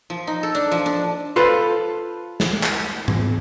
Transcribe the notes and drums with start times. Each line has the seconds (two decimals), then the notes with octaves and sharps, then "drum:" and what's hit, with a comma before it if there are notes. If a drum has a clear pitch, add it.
0.10 F3
0.27 D#4
0.43 A4
0.55 D4
0.71 F3
0.86 D4
1.36 F4 A4 B4 C5
2.40 drum: snare
2.63 drum: clap
3.08 drum: tom G#2